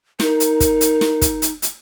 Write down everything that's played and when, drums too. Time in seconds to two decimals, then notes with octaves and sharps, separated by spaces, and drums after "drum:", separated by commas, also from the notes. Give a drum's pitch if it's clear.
0.20 D#4 A#4, drum: snare
0.40 drum: hi-hat
0.60 drum: kick, hi-hat
0.81 drum: hi-hat
1.01 drum: snare
1.22 drum: kick, hi-hat
1.42 drum: hi-hat
1.62 drum: hi-hat